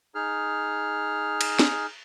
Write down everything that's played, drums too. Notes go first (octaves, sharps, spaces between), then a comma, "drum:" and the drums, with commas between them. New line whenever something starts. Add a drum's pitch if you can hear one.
D#4 G#4 F6
drum: cymbal
drum: snare